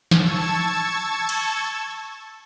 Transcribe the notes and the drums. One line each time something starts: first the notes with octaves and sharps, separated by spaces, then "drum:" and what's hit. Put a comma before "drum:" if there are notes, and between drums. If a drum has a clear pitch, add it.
A5 C#6 E6 G#6, drum: snare
drum: cymbal